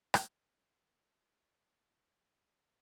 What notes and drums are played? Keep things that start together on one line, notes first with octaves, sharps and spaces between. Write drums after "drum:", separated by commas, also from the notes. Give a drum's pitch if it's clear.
drum: rim click
A#2 F#3 D#5 G#5